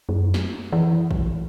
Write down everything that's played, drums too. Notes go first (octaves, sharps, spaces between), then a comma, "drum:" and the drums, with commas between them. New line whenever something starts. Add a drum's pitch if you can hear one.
F#2
drum: snare
E3
drum: kick